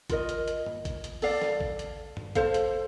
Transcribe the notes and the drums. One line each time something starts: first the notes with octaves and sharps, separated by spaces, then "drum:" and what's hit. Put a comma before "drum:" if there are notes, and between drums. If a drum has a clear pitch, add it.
F4 A#4 D#5, drum: kick A1, hi-hat
drum: hi-hat
drum: hi-hat
drum: tom G2
drum: kick A1, hi-hat
drum: hi-hat
A4 D5 F5, drum: open hi-hat
drum: snare
drum: kick A1
drum: hi-hat
drum: tom G2
A4 C5 F5, drum: kick A1, hi-hat
drum: hi-hat